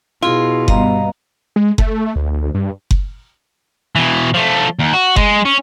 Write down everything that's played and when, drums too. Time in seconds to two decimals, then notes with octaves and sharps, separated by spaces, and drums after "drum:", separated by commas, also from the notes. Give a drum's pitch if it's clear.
0.23 B2 E4 F4 G#4
0.68 G2 B3 D#5 F5 A#5, drum: kick F#1
1.56 G#3
1.78 A3, drum: kick F#1
2.16 D2
2.54 G2
2.91 drum: kick F#1
3.96 B2 E3
4.34 F3 A3
4.79 D#2
4.93 F#4
5.16 G#3, drum: kick F#1
5.45 C#4